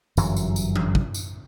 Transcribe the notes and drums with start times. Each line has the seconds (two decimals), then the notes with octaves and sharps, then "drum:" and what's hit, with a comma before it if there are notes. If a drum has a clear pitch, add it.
0.17 G1 F#2 E3 F#3, drum: tambourine
0.37 drum: tambourine
0.56 drum: tambourine
0.76 drum: tom E3
0.95 drum: kick
1.14 drum: tambourine